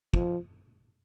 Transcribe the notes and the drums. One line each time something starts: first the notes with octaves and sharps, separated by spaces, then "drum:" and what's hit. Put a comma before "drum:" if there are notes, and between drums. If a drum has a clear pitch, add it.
F3, drum: kick